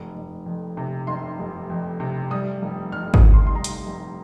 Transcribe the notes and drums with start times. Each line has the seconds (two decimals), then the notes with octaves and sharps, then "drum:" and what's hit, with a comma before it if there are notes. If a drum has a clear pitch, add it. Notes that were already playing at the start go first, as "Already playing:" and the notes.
Already playing: F1
0.15 F1
0.46 F2
0.77 C3
1.07 F1 C6
1.39 F1
1.70 F2
2.00 C3
2.31 G3 D#6
2.62 F1
2.92 F2 F6
3.14 D#6, drum: kick
3.24 D#3
3.34 C6
3.47 C6
3.54 G3 A#5
3.64 drum: hi-hat
3.86 F1